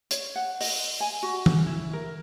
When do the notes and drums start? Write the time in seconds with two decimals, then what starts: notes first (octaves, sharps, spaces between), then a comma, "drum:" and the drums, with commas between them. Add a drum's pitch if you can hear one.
0.11 C#5, drum: hi-hat
0.36 F#5
0.61 D#5, drum: open hi-hat
1.00 G#5
1.23 F#4
1.46 drum: tom
1.66 E4
1.93 A#4